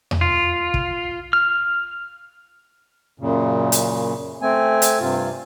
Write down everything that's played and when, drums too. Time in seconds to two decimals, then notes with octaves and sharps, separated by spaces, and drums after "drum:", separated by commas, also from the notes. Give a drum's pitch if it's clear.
0.11 drum: tom E2
0.21 F4
0.74 drum: kick
1.33 F6
3.20 F#2 A#2 C#3
3.72 drum: hi-hat
4.42 A3 C4 G#5
4.82 drum: hi-hat
5.00 G2 C3 F4